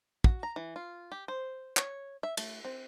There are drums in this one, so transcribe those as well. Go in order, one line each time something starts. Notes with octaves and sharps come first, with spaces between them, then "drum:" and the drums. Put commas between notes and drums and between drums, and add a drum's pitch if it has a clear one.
F#4, drum: kick
A#5
E3
F4
G4
C5
C#5, drum: clap
E5
A3, drum: cymbal
C4